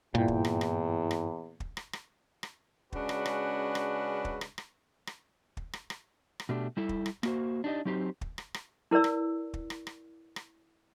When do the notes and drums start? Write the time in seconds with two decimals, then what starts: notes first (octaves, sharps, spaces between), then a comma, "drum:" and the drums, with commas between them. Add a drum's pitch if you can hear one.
0.15 E2 G2 A#2 E4 G5
0.28 drum: kick
0.45 drum: rim click
0.61 drum: rim click
1.11 drum: rim click
1.60 drum: kick
1.77 drum: rim click
1.93 drum: rim click
2.43 drum: rim click
2.92 C#3 G#3 C#4 D4 F#4 B4, drum: kick
3.09 drum: rim click
3.26 drum: rim click
3.75 drum: rim click
4.25 drum: kick
4.41 drum: rim click
4.58 drum: rim click
5.07 drum: rim click
5.57 drum: kick
5.73 drum: rim click
5.90 drum: rim click
6.40 drum: rim click
6.49 B2 A3 D4 G4
6.77 G3 E4 A4
6.89 drum: kick
7.06 drum: rim click
7.23 A#3 F#4 C5, drum: rim click
7.64 D4 D#4 G4 D5 D#5
7.85 F#3 C4 D#4 G4 C5
8.21 drum: kick
8.38 drum: rim click
8.54 drum: rim click
8.91 E4 A#4 B4 D5 E6
9.04 drum: rim click
9.54 drum: kick
9.70 drum: rim click
9.87 drum: rim click
10.36 drum: rim click